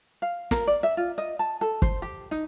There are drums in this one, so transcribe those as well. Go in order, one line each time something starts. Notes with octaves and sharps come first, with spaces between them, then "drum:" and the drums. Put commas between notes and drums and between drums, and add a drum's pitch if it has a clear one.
F5
A#4, drum: snare
D5
E5
F4
D#5
A5
A4
C5, drum: kick
G4
D#4